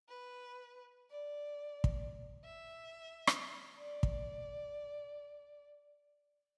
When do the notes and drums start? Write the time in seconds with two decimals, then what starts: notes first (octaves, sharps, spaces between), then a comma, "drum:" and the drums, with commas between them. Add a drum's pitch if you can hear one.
0.08 B4
1.10 D5
1.84 drum: kick
2.44 E5
3.27 drum: rim click
3.77 D5
4.03 drum: kick